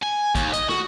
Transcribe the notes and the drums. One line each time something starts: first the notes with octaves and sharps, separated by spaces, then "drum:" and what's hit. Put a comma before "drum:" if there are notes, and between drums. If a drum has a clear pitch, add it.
G#5
D#2, drum: kick, hi-hat
D#5, drum: hi-hat
F#4, drum: snare